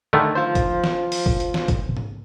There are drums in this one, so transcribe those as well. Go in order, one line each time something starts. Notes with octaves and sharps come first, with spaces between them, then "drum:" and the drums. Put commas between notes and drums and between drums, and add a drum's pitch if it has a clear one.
D3 D#3 A3
F4 C5
drum: kick, hi-hat
drum: snare
drum: open hi-hat
drum: kick
drum: hi-hat
drum: snare
drum: kick, hi-hat
drum: tom G#2